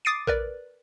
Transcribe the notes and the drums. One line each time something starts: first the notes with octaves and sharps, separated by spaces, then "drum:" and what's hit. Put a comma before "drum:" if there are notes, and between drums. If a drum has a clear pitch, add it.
D6 D#6 A6 C7 D7 D#7
A#4 B4 D5, drum: kick A#1